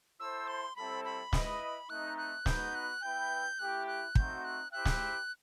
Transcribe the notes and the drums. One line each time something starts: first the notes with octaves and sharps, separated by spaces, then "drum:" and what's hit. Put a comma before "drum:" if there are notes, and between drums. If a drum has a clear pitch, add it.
E4 A4 C5 E6
C6
G3 C4 E4 A4 C5 B5
B5
E4 B4 D#5, drum: snare
A3 C4 D#4 F#6
F#6
B3 D#4 F#4 B4 G6, drum: snare
F#6
B3 E4 B4 E5 G5 G6
A3 E4 G4 F#6
F#6
A3 C4 D#4 F#4 C5 G6, drum: kick
F#6
E4 G4 C5 E5 G5 F#6
drum: snare